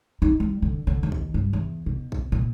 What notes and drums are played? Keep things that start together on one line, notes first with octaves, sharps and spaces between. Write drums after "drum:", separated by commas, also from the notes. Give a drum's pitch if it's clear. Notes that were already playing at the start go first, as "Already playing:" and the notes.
D#4
G3
D3
D3
D#2
drum: kick
G2
E2
B2
drum: kick
A#2